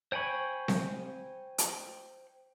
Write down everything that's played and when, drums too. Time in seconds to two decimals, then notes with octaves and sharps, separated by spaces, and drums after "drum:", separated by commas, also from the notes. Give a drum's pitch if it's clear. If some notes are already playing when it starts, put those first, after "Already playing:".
0.12 C5 G5 G#5 B5 C#6
0.68 drum: snare C4
1.58 drum: hi-hat